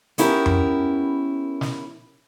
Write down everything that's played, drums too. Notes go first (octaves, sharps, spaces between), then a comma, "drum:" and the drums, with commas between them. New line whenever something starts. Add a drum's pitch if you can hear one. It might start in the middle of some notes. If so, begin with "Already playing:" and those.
B3 C#4 E4 G4 A#4, drum: hi-hat
drum: tom F2
drum: snare